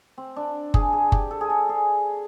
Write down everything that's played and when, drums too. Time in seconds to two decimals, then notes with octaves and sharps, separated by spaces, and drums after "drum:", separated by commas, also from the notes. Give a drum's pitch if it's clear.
0.18 C4
0.36 D4
0.74 G#4, drum: kick F#1
0.93 G#4
1.12 G4, drum: kick F#1
1.31 A4
1.41 G#4
1.50 A4
1.69 G#4